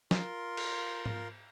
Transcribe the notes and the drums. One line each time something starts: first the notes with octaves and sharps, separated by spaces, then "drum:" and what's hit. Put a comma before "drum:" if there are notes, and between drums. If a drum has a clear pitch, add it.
F4 A#4 C6, drum: snare
drum: cymbal
drum: tom G#2